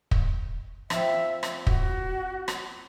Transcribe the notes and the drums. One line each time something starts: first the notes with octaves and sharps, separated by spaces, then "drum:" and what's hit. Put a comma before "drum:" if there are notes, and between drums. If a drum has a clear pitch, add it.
drum: kick
F2 F3 E5 A5, drum: rim click
drum: rim click
F#4, drum: kick
drum: rim click